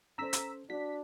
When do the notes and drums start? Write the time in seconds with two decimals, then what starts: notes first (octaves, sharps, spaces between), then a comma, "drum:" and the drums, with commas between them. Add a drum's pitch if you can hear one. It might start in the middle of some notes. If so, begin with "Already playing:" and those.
0.18 C#4 A4 C5 A#5 E6 B6
0.33 drum: hi-hat
0.70 D4 F#4 D5 B6